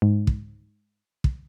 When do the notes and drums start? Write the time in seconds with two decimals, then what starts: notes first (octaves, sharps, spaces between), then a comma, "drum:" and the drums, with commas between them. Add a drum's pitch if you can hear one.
0.02 G#2
0.27 drum: kick
1.24 drum: kick